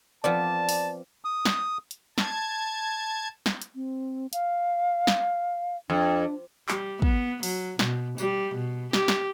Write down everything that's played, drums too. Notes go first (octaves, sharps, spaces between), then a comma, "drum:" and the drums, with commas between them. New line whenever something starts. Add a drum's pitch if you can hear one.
F3 B3 C4 D5 A5
drum: open hi-hat
D#6
drum: snare
drum: hi-hat
A5 G#6, drum: snare
drum: snare
drum: hi-hat
C4
F5, drum: hi-hat
drum: snare
F2 D4
G3, drum: clap
B3, drum: kick
F#3, drum: open hi-hat
B2, drum: snare
G3, drum: tambourine
B2
G4, drum: snare
drum: snare